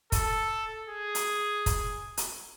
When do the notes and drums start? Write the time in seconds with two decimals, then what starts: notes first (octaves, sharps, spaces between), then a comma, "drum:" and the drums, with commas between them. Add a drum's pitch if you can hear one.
0.12 A4, drum: kick, hi-hat
0.89 G#4
1.15 drum: hi-hat
1.66 drum: kick, hi-hat
2.17 drum: hi-hat